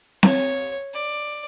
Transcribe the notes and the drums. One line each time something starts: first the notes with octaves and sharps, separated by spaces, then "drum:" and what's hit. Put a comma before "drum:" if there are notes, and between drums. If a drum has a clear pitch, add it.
C#5, drum: snare C4
D5